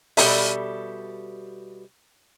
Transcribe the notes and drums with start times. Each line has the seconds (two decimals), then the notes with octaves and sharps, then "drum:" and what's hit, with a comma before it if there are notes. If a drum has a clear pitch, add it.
0.17 B2 G3 A4 E5, drum: open hi-hat